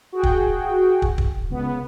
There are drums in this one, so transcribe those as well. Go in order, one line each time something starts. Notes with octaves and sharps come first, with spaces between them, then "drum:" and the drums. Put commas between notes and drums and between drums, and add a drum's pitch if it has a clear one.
F#4 G#4 G5
drum: kick
drum: kick
drum: kick
C#2 B3